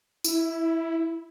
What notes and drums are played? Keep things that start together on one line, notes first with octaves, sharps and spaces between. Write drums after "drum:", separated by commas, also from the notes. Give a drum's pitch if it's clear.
E4, drum: tambourine